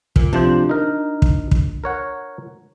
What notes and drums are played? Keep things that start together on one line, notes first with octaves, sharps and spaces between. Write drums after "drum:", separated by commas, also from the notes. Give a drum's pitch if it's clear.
A#2, drum: kick
C3 F3 D4 C5
D#4 A#4
drum: kick
drum: kick
A#4 C#5 F#5